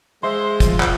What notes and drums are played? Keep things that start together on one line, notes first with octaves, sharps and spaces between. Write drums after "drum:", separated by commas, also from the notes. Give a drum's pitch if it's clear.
G#3 C5 E5 C6
F3 F4, drum: kick, hi-hat
drum: clap